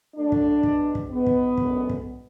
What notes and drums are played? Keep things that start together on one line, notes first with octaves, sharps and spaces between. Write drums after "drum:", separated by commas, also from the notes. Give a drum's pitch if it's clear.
F#2 D3 A3 D4
drum: kick
B2 G#3, drum: kick
drum: kick
G#2 G#3 B3
drum: kick
F#2 D3 G#3, drum: kick
drum: kick